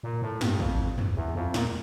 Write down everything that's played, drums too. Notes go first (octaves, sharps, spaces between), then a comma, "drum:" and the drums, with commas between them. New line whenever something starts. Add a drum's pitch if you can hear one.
A#2
A2
G2, drum: snare
F2, drum: kick
drum: tom
E2
F2
A#2, drum: snare